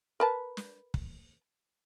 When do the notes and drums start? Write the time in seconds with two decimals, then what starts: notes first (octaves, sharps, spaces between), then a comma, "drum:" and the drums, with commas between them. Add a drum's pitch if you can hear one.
0.20 A#4 B4 A5
0.57 drum: snare
0.94 drum: kick